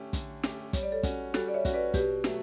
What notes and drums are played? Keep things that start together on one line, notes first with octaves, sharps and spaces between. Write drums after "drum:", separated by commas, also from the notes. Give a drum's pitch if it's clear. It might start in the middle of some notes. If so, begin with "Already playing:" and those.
Already playing: D3 A3 C#4 G4
D3, drum: kick, hi-hat
A3 C#4 G4, drum: snare
G3 C#5, drum: kick, hi-hat
D5
A4 C#5
C#4 F#4, drum: kick, hi-hat
G3 F#4 A4, drum: snare
D5
C#5 E5
C#4 F#4, drum: kick, hi-hat
B4 D5
B2 G4 B4, drum: kick, hi-hat
F#3 A3, drum: snare